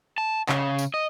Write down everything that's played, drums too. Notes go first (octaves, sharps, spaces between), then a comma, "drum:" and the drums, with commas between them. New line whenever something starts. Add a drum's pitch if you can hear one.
A5
C#3, drum: clap
drum: tambourine
D#5